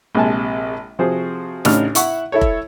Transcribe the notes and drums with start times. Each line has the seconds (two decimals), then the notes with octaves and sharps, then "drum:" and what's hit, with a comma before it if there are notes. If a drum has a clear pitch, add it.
0.15 A#1 C3 G#3 G#5 A5
0.99 C3 F3 F#4 G#4 C5
1.65 A1 A2 C#3 D4 D#4 F6, drum: snare
1.95 E4 E5 F#5 C#6, drum: hi-hat
2.32 E4 A4 C#5
2.41 drum: kick F1